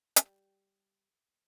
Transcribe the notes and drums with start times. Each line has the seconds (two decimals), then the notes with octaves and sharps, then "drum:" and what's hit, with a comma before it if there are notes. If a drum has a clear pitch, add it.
0.16 G3, drum: hi-hat